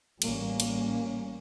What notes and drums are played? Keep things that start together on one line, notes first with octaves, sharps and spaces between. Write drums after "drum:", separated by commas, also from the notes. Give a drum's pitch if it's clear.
A1 G3 A#3 C#4, drum: cymbal
drum: cymbal